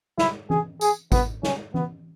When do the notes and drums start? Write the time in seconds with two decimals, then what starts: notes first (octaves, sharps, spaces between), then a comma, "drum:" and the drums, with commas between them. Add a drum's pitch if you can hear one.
0.18 E4, drum: snare
0.50 G#4, drum: tom E3
0.81 G#4, drum: tambourine
1.12 B3, drum: kick G#1, tambourine
1.43 C#4, drum: snare
1.74 B3, drum: tom E3